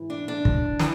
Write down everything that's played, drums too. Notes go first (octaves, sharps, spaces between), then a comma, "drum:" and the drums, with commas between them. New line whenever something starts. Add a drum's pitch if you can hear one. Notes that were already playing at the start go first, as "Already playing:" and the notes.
Already playing: G#2 E3
D4
D4
drum: kick
E3, drum: snare